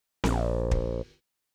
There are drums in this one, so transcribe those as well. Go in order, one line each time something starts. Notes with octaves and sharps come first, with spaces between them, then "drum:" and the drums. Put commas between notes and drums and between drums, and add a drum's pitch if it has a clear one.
A#1, drum: snare C4
drum: kick